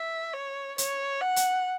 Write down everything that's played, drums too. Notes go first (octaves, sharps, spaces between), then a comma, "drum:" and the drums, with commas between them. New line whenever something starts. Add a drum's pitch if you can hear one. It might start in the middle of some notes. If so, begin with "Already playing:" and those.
Already playing: E5
C#5
C#5, drum: hi-hat
F#5
drum: hi-hat